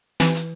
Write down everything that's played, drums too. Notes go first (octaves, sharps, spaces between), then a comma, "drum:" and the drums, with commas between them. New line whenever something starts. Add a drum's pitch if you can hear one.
E3, drum: snare
drum: hi-hat